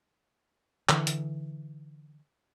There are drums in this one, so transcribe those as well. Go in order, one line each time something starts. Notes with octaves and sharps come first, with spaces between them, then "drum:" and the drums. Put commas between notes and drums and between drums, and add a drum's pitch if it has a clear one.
D3 E3, drum: clap
drum: hi-hat